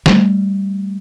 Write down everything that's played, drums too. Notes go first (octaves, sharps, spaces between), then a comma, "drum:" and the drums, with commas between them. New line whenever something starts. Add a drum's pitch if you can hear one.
G3 A3, drum: snare